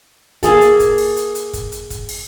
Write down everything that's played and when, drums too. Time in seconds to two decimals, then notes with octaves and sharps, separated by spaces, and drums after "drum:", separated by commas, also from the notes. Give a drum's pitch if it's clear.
0.43 A#3 G#4 A4, drum: kick, hi-hat
0.61 drum: hi-hat
0.80 drum: kick, hi-hat
0.98 drum: open hi-hat
1.16 drum: hi-hat
1.35 drum: hi-hat
1.53 drum: kick, hi-hat
1.72 drum: hi-hat
1.90 drum: kick, hi-hat
2.09 drum: open hi-hat